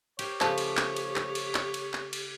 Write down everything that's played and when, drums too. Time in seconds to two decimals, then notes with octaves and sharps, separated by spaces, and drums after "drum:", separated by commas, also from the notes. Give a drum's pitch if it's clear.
0.19 G4 A#4 C5 C#5, drum: cymbal
0.41 C#3 F3 A3 G4 E5, drum: clap
0.58 drum: cymbal
0.77 drum: clap
0.96 drum: cymbal
1.16 drum: clap
1.35 drum: cymbal
1.55 drum: clap
1.74 drum: cymbal
1.93 drum: clap
2.13 drum: cymbal